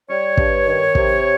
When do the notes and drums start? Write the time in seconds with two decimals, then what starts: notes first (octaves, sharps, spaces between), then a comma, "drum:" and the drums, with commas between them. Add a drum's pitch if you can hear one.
0.09 G3 C#5
0.37 G2, drum: kick
0.66 D#3
0.95 C3, drum: kick